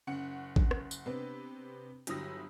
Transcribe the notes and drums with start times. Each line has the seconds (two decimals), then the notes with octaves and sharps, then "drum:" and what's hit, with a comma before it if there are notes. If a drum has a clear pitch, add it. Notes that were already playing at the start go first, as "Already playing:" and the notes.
0.07 F#1 C#4 F#5 C#7
0.56 drum: kick A1
0.71 drum: rim click
0.91 drum: tambourine
1.06 C3 B3 C4 D4 B4
2.07 G1 F#3 E4 G4 D#6 A#6, drum: hi-hat